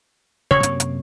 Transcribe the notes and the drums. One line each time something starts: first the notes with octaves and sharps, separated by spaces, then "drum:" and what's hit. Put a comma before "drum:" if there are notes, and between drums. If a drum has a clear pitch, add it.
D#1 C#3 C#5
F#2 C3 A#3, drum: hi-hat
drum: hi-hat